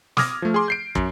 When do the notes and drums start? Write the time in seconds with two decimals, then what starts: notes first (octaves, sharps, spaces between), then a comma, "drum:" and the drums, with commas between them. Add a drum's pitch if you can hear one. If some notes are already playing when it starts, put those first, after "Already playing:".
0.17 D6 D#6 F6 G#6 A#6, drum: snare
0.42 F3 A3
0.54 G#4 C6 D6
0.68 G6 C7 D7
0.95 F#2, drum: kick